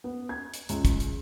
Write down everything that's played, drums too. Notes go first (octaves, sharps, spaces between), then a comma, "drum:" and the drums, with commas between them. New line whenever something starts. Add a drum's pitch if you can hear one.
B3
G#6
drum: hi-hat
C#2, drum: hi-hat
drum: kick, hi-hat
drum: hi-hat